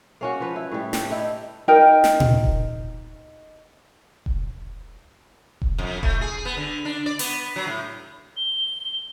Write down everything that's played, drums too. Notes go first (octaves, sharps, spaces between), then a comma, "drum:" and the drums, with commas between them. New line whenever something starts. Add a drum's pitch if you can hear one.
A#3 C#4 F#4
F3 B4
E4
A2 G3
D4 G4 A4, drum: snare
D#4 E4
D#4 A#4 G5
drum: snare
drum: tom
drum: kick E1
drum: kick E1
drum: kick E1
F2
A3, drum: kick E1
G#4
B3
D3
D4
D5
B3, drum: open hi-hat
F#3
A2
G7